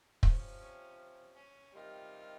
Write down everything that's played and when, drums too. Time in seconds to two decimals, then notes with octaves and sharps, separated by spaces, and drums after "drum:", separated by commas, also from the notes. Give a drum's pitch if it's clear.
0.23 C3 F3 C#4, drum: kick
0.61 C#4
0.98 C#4
1.35 C#4
1.73 C3 D#3 G3 F4